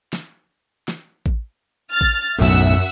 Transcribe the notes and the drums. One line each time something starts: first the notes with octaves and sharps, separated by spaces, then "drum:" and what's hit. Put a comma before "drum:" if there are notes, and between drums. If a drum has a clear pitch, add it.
drum: snare
drum: snare
drum: kick A1
F6 A6
drum: kick A1
B1 F#2 A2 E5 F#5 E6